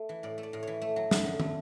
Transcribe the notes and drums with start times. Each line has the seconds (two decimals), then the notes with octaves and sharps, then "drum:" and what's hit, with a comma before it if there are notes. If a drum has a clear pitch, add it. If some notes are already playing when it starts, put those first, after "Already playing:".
Already playing: A3 E5
0.09 E3
0.23 A2 D5
0.38 A3
0.43 D5
0.53 A2
0.63 E3 C#5
0.82 A3
0.96 F#3
1.11 F#2, drum: snare
1.26 D3
1.40 A3, drum: tom